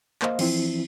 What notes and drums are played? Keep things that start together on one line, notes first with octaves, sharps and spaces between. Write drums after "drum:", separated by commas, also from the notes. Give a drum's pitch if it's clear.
A#3 C5 D#5 F5, drum: clap
E3 F3 C4 E4, drum: cymbal